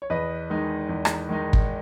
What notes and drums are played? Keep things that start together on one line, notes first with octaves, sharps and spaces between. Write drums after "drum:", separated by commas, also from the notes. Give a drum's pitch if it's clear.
C#5
E2 B4 D#5
D#3 G#3 D#4
E2
drum: rim click
D#3 G#3 D#4
drum: kick